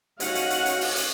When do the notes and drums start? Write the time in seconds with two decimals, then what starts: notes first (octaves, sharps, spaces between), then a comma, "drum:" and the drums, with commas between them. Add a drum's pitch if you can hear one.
0.20 C#4 D#4 F#4 F5 F#5, drum: hi-hat
0.35 drum: hi-hat
0.50 drum: hi-hat
0.66 drum: hi-hat
0.81 drum: open hi-hat
0.96 drum: hi-hat